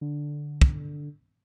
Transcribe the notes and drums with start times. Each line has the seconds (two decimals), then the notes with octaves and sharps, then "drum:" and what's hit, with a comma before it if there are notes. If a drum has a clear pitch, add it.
0.01 D3
0.61 drum: kick